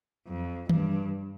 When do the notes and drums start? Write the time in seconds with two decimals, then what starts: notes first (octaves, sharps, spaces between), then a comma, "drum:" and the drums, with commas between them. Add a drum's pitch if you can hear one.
0.28 F2
0.69 G2, drum: tom D#3